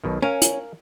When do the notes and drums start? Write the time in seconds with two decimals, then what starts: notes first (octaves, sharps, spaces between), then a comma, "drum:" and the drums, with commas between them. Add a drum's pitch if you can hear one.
0.04 B1 B2 D#3
0.22 C#4 A#4 F5 G#5
0.42 drum: hi-hat